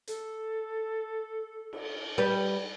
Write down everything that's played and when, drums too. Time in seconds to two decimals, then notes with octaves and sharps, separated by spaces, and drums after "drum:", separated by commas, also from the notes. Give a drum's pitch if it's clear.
0.07 A4, drum: hi-hat
1.73 drum: cymbal
2.18 G3 B4